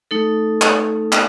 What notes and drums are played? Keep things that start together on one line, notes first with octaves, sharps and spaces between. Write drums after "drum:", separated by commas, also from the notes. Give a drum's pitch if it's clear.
A3 D#4 A4
drum: clap
drum: clap